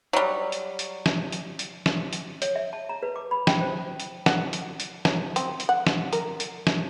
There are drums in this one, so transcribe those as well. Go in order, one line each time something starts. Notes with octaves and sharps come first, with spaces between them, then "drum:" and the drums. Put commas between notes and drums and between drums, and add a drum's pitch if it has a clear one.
F#3 G3
drum: hi-hat
drum: hi-hat
drum: snare
drum: hi-hat
drum: hi-hat
drum: snare
drum: hi-hat
C#5, drum: hi-hat
E5
A5
A#5
B4
D6
B5
G5, drum: snare
C5
drum: hi-hat
F#4, drum: snare
drum: hi-hat
drum: hi-hat
F#3, drum: snare
C4, drum: hi-hat
drum: hi-hat
F#5
drum: snare
A#4, drum: hi-hat
drum: hi-hat
drum: snare